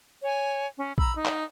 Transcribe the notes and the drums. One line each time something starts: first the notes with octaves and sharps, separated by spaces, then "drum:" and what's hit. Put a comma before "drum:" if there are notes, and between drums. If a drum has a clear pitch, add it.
C#5 G#5
C#4
A#5 B5 E6, drum: kick A#1
D#4
drum: clap